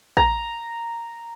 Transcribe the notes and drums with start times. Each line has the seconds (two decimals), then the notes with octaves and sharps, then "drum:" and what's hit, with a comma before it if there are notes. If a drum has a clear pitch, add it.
0.17 A#5, drum: kick